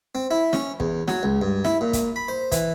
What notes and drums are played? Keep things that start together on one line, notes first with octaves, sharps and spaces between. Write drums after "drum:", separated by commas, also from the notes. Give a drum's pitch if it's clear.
C4
E4
C#4, drum: snare
E2, drum: kick
F#3, drum: snare
C#2
G2
E4, drum: snare
A#2
drum: kick, hi-hat
B5
C5
E3, drum: kick, hi-hat